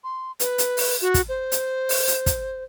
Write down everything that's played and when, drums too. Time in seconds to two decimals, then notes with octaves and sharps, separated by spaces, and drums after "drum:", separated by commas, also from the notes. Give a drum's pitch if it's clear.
0.04 C6
0.40 B4, drum: hi-hat
0.58 drum: hi-hat
0.77 drum: open hi-hat
1.01 F#4
1.14 drum: kick, hi-hat
1.29 C5
1.52 drum: hi-hat
1.89 drum: open hi-hat
2.08 drum: hi-hat
2.26 drum: kick, hi-hat